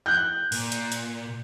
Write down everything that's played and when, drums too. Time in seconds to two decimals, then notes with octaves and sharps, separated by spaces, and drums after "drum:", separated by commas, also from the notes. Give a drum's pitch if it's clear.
0.06 F#6 G6
0.52 A#2, drum: open hi-hat
0.72 drum: hi-hat
0.92 drum: hi-hat